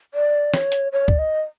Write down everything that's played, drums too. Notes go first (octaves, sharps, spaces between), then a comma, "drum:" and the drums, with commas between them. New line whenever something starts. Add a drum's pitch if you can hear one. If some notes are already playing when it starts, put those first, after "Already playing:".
D5
C#5, drum: snare
drum: hi-hat
C#5
D5, drum: kick C#2
D#5